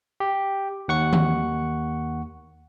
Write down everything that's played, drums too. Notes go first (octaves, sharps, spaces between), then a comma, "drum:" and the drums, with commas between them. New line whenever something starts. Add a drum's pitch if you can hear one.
G4
D#2 F#5 C#6 C#7
drum: tom D#3